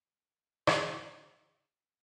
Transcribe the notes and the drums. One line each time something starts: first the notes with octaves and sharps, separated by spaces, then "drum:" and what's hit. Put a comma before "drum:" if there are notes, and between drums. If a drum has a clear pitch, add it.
G#4, drum: rim click